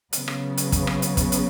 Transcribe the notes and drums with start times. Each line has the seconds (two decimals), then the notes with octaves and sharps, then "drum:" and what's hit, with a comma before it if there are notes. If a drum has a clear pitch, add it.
0.13 C#3 F#3 B3, drum: hi-hat
0.28 drum: rim click
0.57 drum: hi-hat
0.72 drum: kick, hi-hat
0.87 drum: rim click
1.02 drum: hi-hat
1.17 drum: kick, hi-hat
1.32 drum: hi-hat